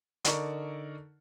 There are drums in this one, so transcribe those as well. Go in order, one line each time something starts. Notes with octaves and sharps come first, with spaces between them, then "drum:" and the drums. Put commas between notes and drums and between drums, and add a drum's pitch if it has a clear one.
D3 D#4 A#4 D5 C#6, drum: hi-hat